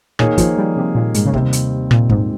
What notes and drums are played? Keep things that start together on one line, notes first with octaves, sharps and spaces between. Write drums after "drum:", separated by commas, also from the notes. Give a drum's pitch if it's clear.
A#2 D#3 A#3 D#4 G#4 C#5, drum: rim click
F3, drum: kick, hi-hat
G3
C3
A#2
G#2, drum: hi-hat
C#3
D#2 C3 D#3 G3 C4, drum: kick
drum: hi-hat
A#2, drum: rim click
G#2, drum: kick